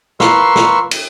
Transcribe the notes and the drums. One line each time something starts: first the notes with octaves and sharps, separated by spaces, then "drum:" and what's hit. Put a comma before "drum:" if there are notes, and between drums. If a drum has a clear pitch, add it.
A#4 B4 F5 C6 C#6 E6, drum: snare
drum: snare
drum: cymbal